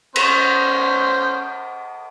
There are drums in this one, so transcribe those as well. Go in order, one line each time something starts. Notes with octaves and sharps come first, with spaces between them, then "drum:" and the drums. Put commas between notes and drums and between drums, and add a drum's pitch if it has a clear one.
C#4 C5 C#6, drum: cymbal